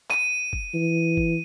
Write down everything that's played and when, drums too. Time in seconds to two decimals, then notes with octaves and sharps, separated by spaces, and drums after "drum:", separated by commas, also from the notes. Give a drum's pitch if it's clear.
0.10 D#7, drum: clap
0.53 drum: kick
0.74 E3
1.17 drum: kick